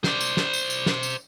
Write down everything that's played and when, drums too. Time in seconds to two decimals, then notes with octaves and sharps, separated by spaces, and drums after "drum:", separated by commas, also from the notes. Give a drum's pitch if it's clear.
0.04 C5 D5, drum: snare
0.20 drum: tambourine
0.37 drum: snare
0.53 drum: tambourine
0.70 drum: tambourine
0.86 drum: snare
1.03 drum: tambourine